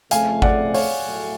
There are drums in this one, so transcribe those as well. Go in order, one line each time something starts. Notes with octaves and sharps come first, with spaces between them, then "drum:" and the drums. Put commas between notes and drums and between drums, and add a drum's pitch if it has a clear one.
F2 C#3 F3 A3 F5 G#5, drum: hi-hat
D5 F#5, drum: kick G#1
C#5 F5, drum: open hi-hat
A2 F#3 A3